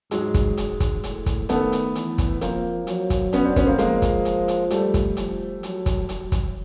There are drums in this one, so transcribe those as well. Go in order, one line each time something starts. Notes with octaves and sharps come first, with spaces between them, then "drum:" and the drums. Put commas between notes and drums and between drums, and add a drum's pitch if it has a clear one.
G#2 F#3 G#3, drum: hi-hat
drum: kick, hi-hat
G#2, drum: hi-hat
drum: kick, hi-hat
A2, drum: hi-hat
drum: kick, hi-hat
D#3 A3 B3, drum: hi-hat
drum: hi-hat
E3, drum: hi-hat
drum: kick, hi-hat
F3 A#3 C4, drum: hi-hat
F#3, drum: hi-hat
drum: kick, hi-hat
B3 C#4, drum: hi-hat
C4 D4
B3 C#4, drum: kick, hi-hat
A#3 C4
F3 G#3 A#3, drum: hi-hat
drum: kick, hi-hat
drum: hi-hat
drum: hi-hat
G3 A3, drum: hi-hat
drum: kick, hi-hat
F3, drum: hi-hat
F#3, drum: hi-hat
drum: kick, hi-hat
F#3, drum: hi-hat
drum: kick, hi-hat